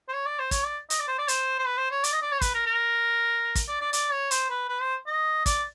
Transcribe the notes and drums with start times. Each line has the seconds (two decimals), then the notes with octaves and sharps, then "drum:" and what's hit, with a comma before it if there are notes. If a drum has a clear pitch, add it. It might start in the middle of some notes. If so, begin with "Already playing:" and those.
0.08 C5
0.14 C#5
0.26 D5
0.39 C5
0.51 C#5, drum: kick, hi-hat
0.65 D5
0.90 D#5, drum: hi-hat
1.00 D5
1.08 C5
1.18 D5
1.28 C5, drum: hi-hat
1.59 C5
1.66 B4
1.78 C5
1.91 C#5
2.04 D5, drum: hi-hat
2.12 D#5
2.22 D5
2.32 C#5
2.41 B4, drum: kick, hi-hat
2.55 A#4
2.67 A#4
3.55 drum: kick, hi-hat
3.68 D5
3.81 D5
3.93 D5, drum: hi-hat
4.12 C#5
4.31 C5, drum: hi-hat
4.50 B4
4.69 B4
4.82 C5
5.07 D#5
5.46 D5, drum: kick, hi-hat